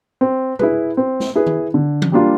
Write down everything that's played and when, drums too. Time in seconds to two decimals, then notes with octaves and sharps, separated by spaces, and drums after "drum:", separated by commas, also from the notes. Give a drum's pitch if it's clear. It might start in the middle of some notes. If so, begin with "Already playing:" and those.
0.21 C4
0.59 E4 G#4 B4, drum: tom
0.97 C4
1.20 drum: snare
1.35 E4 G#4 B4
1.46 drum: tom D#3
1.74 D3
2.02 drum: tom E3
2.12 G3 A#3 D4 F4